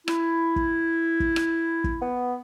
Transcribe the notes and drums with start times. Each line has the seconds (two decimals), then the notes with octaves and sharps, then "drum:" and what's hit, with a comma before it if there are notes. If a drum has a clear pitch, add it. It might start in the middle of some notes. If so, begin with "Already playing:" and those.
0.08 E4, drum: rim click
0.56 drum: kick
1.20 drum: kick
1.36 drum: rim click
1.84 drum: kick
2.00 B3